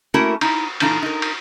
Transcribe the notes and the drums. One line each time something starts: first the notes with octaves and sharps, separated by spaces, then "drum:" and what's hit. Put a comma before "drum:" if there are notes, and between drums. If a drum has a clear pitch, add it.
A3 A#3 C#4 E4 F#4 A#4
D#4 E4, drum: cymbal
A#2 E3 D4 D#4 F4 A4, drum: cymbal
D#4 A#4
drum: cymbal